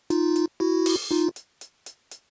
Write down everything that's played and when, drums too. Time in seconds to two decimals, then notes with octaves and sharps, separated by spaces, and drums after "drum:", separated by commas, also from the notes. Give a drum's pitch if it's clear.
0.10 D#4 F4, drum: hi-hat
0.36 drum: hi-hat
0.60 E4 F#4
0.86 drum: open hi-hat
1.11 D#4 F4
1.36 drum: hi-hat
1.61 drum: hi-hat
1.86 drum: hi-hat
2.11 drum: hi-hat